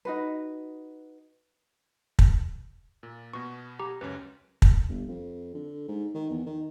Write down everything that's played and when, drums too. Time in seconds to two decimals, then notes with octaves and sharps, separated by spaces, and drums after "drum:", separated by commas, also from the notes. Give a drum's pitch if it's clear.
0.05 D#4 F#4 B4
2.19 drum: kick
3.03 A#2
3.33 B2 B3 C#6
3.79 G4 A#5
4.01 C#2 F#2 C#4 B4
4.62 drum: kick
4.89 G1
5.08 F2
5.54 D3
5.88 G#2
6.14 D#3
6.30 E2
6.46 D#3